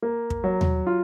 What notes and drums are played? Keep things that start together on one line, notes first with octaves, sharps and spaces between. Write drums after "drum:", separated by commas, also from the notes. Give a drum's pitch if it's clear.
A#3
drum: kick
F#3
drum: tom D#2
F4